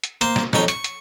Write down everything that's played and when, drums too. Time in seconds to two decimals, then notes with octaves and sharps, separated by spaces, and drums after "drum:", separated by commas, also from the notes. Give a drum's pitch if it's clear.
0.04 drum: hi-hat
0.21 A#3 C5, drum: hi-hat
0.36 drum: snare
0.53 F2 D#4 C#5 G5, drum: snare
0.68 C#6, drum: hi-hat
0.84 drum: hi-hat